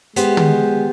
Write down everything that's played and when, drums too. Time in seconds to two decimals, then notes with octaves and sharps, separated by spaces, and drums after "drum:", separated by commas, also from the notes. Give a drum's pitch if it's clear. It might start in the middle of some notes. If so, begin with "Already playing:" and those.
0.16 G#3 B3 G4 C5, drum: hi-hat
0.37 drum: tom